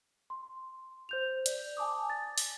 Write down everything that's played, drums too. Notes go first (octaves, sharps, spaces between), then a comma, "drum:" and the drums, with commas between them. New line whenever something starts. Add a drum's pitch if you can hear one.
C6
C5 G6 F7
D5, drum: hi-hat
G#5 A5 D6 D#6
A6
drum: open hi-hat